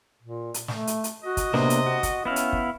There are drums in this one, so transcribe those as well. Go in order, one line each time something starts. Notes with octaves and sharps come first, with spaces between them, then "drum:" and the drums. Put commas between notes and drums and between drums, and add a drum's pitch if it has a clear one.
A#2
drum: hi-hat
A3, drum: snare
drum: hi-hat
drum: hi-hat
F#4 D#5
drum: kick, hi-hat
C3 A#3 B3 D4, drum: snare
drum: hi-hat
F#4
drum: kick, hi-hat
B3 C#4 E4 F5
drum: hi-hat
drum: kick